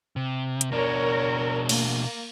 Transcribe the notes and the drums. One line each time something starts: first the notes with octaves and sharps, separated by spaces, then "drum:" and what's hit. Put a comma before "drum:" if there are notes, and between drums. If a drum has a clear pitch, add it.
C3
drum: hi-hat
B2 D4 A#4 C#5
A#3, drum: cymbal